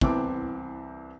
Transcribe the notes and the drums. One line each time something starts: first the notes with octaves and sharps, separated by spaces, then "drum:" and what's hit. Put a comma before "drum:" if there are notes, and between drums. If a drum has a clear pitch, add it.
C2 E3 B3 C4 A5 D6, drum: kick